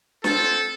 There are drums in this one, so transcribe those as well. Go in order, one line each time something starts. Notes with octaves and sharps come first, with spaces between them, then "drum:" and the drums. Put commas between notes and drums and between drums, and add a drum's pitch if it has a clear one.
C4 F4 A4, drum: snare